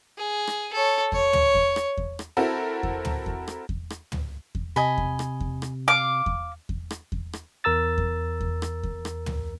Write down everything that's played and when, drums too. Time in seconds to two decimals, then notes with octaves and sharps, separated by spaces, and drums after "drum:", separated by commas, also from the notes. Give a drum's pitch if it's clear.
0.18 G#4
0.47 drum: rim click
0.73 A4 C#5
1.12 C#5, drum: kick E2
1.33 drum: tom
1.55 drum: kick E2
1.76 drum: rim click
1.97 drum: kick E2
2.19 drum: rim click
2.37 C4 E4 F#4 A4 A#4
2.83 drum: kick E2
3.05 drum: tom
3.26 drum: kick E2
3.48 drum: rim click
3.69 drum: kick E2
3.90 drum: rim click
4.12 drum: tom
4.55 drum: kick E2
4.76 C3 D#5 G#5 B5
4.98 drum: kick E2
5.19 drum: rim click
5.40 drum: kick E2
5.62 drum: rim click
5.88 F5 D6
6.26 drum: kick E2
6.69 drum: kick E2
6.91 drum: rim click
7.12 drum: kick E2
7.33 drum: rim click
7.64 E2 A#4 A#5 E6 A6
7.98 drum: kick E2
8.41 drum: kick E2
8.62 drum: rim click
8.83 drum: kick E2
9.05 drum: rim click
9.26 drum: tom